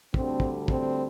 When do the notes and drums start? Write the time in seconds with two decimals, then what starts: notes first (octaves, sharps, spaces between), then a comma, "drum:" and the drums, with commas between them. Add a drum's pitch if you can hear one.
0.14 D2 D3 G3 C4, drum: kick
0.40 drum: kick
0.68 C4, drum: kick